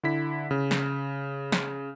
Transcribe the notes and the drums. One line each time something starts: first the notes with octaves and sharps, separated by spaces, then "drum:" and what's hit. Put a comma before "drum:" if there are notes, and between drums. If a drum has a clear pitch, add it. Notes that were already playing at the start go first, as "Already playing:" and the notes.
D3 E4 B6
C#3
drum: snare
drum: snare